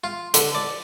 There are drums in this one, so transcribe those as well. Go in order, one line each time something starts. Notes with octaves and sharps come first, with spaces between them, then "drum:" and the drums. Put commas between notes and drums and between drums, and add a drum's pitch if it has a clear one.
F4
D3, drum: hi-hat
D5